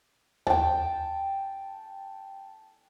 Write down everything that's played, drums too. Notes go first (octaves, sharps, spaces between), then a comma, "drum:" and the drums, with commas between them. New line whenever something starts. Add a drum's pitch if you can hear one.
G5 A5, drum: tom D#2